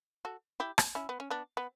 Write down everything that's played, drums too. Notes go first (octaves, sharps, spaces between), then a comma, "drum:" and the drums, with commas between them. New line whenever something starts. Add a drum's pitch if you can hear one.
F#4 A4
E4 G4
drum: rim click
C#4 E4
B3
C#4
B3 D4
B3